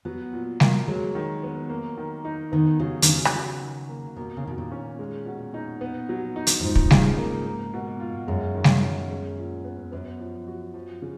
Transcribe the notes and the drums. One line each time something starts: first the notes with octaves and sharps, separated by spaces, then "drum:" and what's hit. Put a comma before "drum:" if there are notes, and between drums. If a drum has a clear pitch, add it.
F#3 B3
A#2
A#3, drum: snare G3
F#3 G#3
D#3
B3
A#3
D#3
D#4
D#3 B3
C#3 F#3
D#3, drum: hi-hat
C#3 F#4
drum: rim click
F#3
D#3
A#3
B2 A#3
C#3
B2 D#3
A#2
C#4
G#3
B2
D#4
B3
F#3
D#4
drum: hi-hat
F#2
G#2 F3
drum: kick
C#3, drum: snare G3
A#3
A#3
B2
F4
F#2 G#3
D#3
drum: snare G3
C#4
G#3
A#2
B3
F#2 B3
F3
F#4
F3
C#3